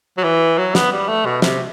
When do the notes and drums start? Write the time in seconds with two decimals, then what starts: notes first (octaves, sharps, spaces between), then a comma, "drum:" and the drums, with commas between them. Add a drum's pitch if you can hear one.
0.18 F#3
0.24 E3
0.58 F#3
0.75 B3, drum: snare
0.92 G3
1.08 A3
1.26 B2
1.42 C3, drum: snare